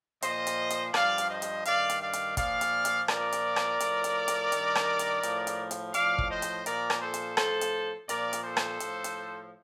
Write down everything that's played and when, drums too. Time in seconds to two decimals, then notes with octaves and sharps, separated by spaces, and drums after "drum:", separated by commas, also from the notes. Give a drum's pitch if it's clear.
0.22 A#2 F3 C5 D#5, drum: hi-hat
0.47 drum: hi-hat
0.70 drum: hi-hat
0.94 G2 F3 D5 F5, drum: rim click
1.18 drum: hi-hat
1.30 C5 D#5
1.42 drum: hi-hat
1.65 G2 D#3 D5 F5, drum: hi-hat
1.90 drum: hi-hat
2.02 D5 F5
2.13 drum: hi-hat
2.37 A#2 F3 D5 F5, drum: kick, hi-hat
2.61 drum: hi-hat
2.85 drum: hi-hat
3.08 A#2 F3 A#4 D5, drum: rim click
3.32 drum: hi-hat
3.56 drum: rim click
3.80 A2 F3, drum: hi-hat
4.04 drum: hi-hat
4.28 drum: hi-hat
4.52 G2 D#3, drum: hi-hat
4.75 drum: rim click
4.99 drum: hi-hat
5.23 A2 F3, drum: hi-hat
5.47 drum: hi-hat
5.71 drum: hi-hat
5.94 A2 F3 D5 F5, drum: hi-hat
6.18 drum: kick
6.30 C5 D#5
6.42 drum: hi-hat
6.66 A#2 F3 A#4 D5, drum: hi-hat
6.90 drum: rim click
7.02 A4 C5
7.14 drum: hi-hat
7.37 A2 F3 A4 C5, drum: rim click
7.61 drum: hi-hat
8.09 A#2 F3 A#4 D5, drum: hi-hat
8.33 drum: hi-hat
8.44 A4 C5
8.57 drum: rim click
8.80 A2 F3, drum: hi-hat
9.04 drum: hi-hat